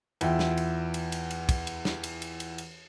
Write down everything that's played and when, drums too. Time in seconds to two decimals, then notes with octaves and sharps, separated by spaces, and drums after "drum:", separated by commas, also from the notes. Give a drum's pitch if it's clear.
0.21 E2 E4 F4 G5, drum: cymbal
0.39 drum: snare
0.57 drum: cymbal
0.94 drum: cymbal
1.12 drum: cymbal
1.30 drum: cymbal
1.49 drum: kick, cymbal
1.67 drum: cymbal
1.85 drum: snare
2.04 drum: cymbal
2.22 drum: cymbal
2.40 drum: cymbal
2.58 drum: cymbal